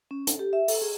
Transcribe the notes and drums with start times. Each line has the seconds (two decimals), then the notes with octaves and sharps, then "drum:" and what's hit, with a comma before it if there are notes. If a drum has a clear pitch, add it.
0.11 C#4
0.27 A4, drum: hi-hat
0.39 G4
0.53 E5
0.68 A4, drum: open hi-hat
0.82 G#4